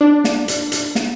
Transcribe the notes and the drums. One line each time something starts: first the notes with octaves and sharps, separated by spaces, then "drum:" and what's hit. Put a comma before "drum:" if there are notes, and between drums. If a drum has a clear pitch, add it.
D4
drum: snare
drum: hi-hat
drum: hi-hat
drum: snare